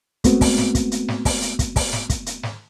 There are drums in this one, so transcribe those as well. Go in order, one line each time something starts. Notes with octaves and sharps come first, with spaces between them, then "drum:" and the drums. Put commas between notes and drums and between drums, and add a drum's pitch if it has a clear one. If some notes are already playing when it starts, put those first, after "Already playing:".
G#3 A3 B3 C4 F#4, drum: kick, hi-hat
drum: kick, open hi-hat
drum: snare
drum: kick, hi-hat
drum: hi-hat
drum: snare
drum: kick, open hi-hat
drum: hi-hat
drum: kick, hi-hat
drum: kick, open hi-hat
drum: snare
drum: kick, hi-hat
drum: hi-hat
drum: snare